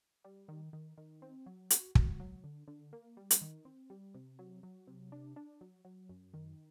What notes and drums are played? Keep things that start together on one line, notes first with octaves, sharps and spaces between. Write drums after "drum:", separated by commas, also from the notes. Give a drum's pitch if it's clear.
G3
D#3
D#3
D#3
C4
F#3
F#4, drum: hi-hat
F#4, drum: kick
F#3
D3
D3
A#3
G3
drum: hi-hat
D#3
C4
G3
C3
F#3
F#3
C3
D4
D4
F#3
F#3
F#2
D#3